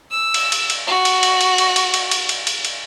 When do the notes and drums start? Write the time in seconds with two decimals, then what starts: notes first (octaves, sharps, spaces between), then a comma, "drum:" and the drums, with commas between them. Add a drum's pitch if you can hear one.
0.11 E6
0.34 drum: cymbal
0.52 drum: cymbal
0.70 drum: cymbal
0.87 F#4
1.05 drum: cymbal
1.23 drum: cymbal
1.41 drum: cymbal
1.58 drum: cymbal
1.76 drum: cymbal
1.94 drum: cymbal
2.11 drum: cymbal
2.29 drum: cymbal
2.47 drum: cymbal
2.65 drum: cymbal